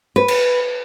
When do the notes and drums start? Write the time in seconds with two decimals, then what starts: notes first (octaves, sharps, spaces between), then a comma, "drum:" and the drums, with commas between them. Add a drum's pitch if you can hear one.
0.16 B4
0.28 drum: cymbal